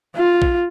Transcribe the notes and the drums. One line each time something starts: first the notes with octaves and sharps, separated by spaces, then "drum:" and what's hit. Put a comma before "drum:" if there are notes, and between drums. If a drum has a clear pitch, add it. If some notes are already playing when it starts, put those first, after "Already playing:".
F4
drum: kick A#1